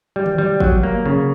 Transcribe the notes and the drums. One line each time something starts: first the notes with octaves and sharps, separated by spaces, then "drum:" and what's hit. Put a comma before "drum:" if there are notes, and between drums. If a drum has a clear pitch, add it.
G3
drum: tom D3
G3
F#3, drum: kick G#1
A#3
C#3